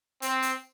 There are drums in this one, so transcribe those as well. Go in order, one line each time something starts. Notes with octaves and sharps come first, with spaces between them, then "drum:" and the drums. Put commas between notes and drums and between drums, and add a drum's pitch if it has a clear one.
C4, drum: hi-hat
drum: hi-hat